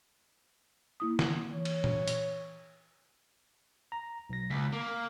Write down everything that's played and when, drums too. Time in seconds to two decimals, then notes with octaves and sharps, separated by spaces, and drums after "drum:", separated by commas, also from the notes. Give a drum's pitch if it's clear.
1.00 A#3 E4 D#6
1.19 drum: snare
1.53 E3 C#5
1.65 drum: cymbal
1.84 drum: tom A#2
2.08 drum: hi-hat
3.92 A#5
4.30 B1 A#6
4.50 C#2 B6
4.73 A#3